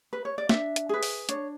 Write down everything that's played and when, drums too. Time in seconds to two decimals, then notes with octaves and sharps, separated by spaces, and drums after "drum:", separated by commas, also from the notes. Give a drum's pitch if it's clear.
0.13 B4
0.25 C#5
0.38 D5
0.49 D4 E5, drum: snare
0.76 drum: hi-hat
0.89 G#4 B4
1.03 drum: open hi-hat
1.29 D4 C#5, drum: hi-hat